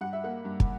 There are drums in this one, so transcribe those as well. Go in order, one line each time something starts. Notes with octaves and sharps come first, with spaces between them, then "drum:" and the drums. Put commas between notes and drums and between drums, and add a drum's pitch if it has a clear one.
G2 F#5
E5
A#3 F#5
G2
drum: kick